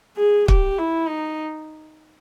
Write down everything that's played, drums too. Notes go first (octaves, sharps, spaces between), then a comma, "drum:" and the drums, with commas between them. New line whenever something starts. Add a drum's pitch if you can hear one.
G#4
G4, drum: kick
E4
D#4